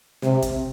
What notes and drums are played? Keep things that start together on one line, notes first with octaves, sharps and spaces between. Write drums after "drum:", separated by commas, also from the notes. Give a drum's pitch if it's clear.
C3, drum: snare
drum: kick, hi-hat